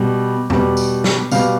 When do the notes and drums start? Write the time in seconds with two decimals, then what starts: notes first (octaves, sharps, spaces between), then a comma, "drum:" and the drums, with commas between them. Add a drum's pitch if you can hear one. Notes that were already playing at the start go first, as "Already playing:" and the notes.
Already playing: B2 G3
0.50 B2 G3, drum: tom E2
0.77 drum: tambourine
1.04 drum: snare
1.31 B2 G3 F5, drum: tambourine